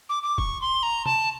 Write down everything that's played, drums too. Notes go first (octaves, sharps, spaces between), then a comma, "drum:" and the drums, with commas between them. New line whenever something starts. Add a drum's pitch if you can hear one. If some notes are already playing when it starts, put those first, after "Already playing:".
D6
D6
C#6, drum: kick
C6
A#5
A5, drum: tom